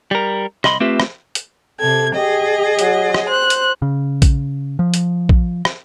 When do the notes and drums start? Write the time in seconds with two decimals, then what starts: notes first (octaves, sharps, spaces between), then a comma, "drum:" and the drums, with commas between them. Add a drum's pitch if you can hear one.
0.11 G3 A#4
0.64 C2 D#5 B5 C6, drum: rim click
0.80 A3 C4 F4 G4 B4 E5
1.00 drum: rim click
1.35 drum: hi-hat
1.80 C3 A4 G#6
2.15 G4 G#4 D#5
2.79 F#3, drum: hi-hat
3.14 drum: rim click
3.28 C5 F#6
3.50 drum: hi-hat
3.82 C#3
4.22 drum: kick A#1, hi-hat
4.79 F3
4.94 drum: hi-hat
5.29 drum: kick A#1
5.65 drum: rim click